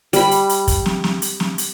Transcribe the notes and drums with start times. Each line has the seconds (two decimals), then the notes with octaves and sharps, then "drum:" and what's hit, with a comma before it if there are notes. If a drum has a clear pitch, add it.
0.13 G3 B5, drum: hi-hat
0.31 drum: hi-hat
0.49 drum: hi-hat
0.68 drum: kick, hi-hat
0.86 drum: snare
1.04 drum: snare
1.22 drum: hi-hat
1.40 drum: snare
1.58 drum: hi-hat